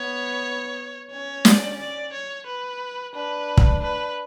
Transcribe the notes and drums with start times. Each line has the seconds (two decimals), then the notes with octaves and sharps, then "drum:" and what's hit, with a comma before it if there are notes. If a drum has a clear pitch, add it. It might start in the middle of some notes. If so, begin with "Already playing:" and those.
Already playing: B3 C#5
1.11 C#4 C#5
1.45 D5, drum: snare
1.79 D5
2.13 C#5
2.46 B4
3.14 D4 B4
3.57 drum: kick
3.82 B4